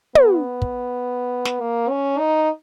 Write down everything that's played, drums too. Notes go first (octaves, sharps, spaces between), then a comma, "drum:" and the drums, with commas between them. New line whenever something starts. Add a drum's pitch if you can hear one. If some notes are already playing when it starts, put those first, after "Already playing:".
B3, drum: tom
drum: kick
drum: snare
A#3
C#4
D#4